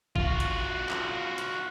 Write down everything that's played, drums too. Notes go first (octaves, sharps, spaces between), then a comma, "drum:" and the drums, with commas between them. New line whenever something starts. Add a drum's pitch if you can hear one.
F4 F#4, drum: kick G#1
drum: hi-hat
drum: clap
drum: hi-hat